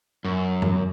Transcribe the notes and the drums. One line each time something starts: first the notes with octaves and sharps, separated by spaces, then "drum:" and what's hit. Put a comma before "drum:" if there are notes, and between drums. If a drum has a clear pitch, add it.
F#2
drum: tom F2